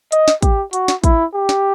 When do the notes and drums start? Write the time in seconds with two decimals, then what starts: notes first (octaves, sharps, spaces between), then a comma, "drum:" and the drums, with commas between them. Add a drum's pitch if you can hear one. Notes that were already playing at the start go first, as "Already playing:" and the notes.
0.12 D#5, drum: hi-hat
0.28 drum: snare
0.42 G4, drum: kick, hi-hat
0.73 F#4, drum: hi-hat
0.88 drum: snare
1.04 E4, drum: kick, hi-hat
1.34 G4
1.49 drum: snare